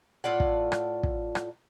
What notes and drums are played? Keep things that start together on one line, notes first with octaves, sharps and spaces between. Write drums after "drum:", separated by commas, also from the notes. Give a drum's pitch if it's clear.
A2 F4 D5 F#5
drum: kick
drum: rim click
drum: kick
drum: rim click